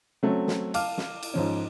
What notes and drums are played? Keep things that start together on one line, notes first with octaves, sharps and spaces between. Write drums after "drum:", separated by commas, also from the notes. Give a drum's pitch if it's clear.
F#3 A3 C4 C#4
drum: snare
F5 A5 D6 F6, drum: cymbal
drum: snare
drum: cymbal
G#2 F3 C#4